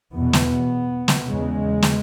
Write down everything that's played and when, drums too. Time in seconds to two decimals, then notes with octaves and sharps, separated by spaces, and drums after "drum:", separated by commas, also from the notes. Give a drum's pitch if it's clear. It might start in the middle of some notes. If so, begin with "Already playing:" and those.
0.14 E2 B2 B3
0.33 drum: snare
1.08 drum: snare
1.27 E2 C#3 G#3
1.82 drum: snare